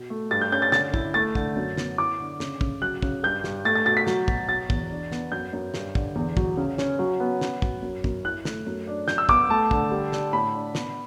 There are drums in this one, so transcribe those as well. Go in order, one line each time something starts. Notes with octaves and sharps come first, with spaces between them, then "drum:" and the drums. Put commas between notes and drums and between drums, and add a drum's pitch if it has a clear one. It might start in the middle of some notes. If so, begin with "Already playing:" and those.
Already playing: B2
A3
G2 A6
G6
C#4 G6
A6
D3 A6, drum: snare
E4, drum: kick
A3 A6
D3, drum: kick
F#2
B3, drum: snare
E4 D6
D3
C#3, drum: snare
C#3, drum: kick
F#3 F#6
C#3, drum: kick
G2 G6
G2, drum: snare
A3 A6
A6
B2 A6
B6
F#3, drum: snare
B2, drum: kick
B2 A6
E2, drum: kick
D4
B3, drum: snare
F#2 G6
F#2
G2, drum: snare
D3, drum: kick
E2
F#3, drum: kick
C#3
C#4, drum: snare
F#3
B3
C#4, drum: snare
F#3, drum: kick
F#2
F#2, drum: kick
E4 F#6
A3, drum: snare
F#2
D4
F#2 G6, drum: snare
E6
B3 D6, drum: kick
A3 A5
D3, drum: kick
G3
D4, drum: snare
A2 B5
D4
B3, drum: snare